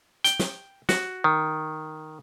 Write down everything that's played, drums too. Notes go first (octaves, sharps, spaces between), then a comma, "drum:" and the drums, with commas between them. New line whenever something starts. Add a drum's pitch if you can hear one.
G5, drum: hi-hat
drum: snare
F#4, drum: snare
D#3